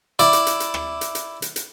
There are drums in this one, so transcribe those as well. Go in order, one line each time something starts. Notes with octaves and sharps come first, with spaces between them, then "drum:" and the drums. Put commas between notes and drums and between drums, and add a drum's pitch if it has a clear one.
E4 D5, drum: hi-hat
drum: hi-hat
drum: hi-hat
drum: hi-hat
drum: rim click
drum: hi-hat
drum: hi-hat
drum: hi-hat
drum: hi-hat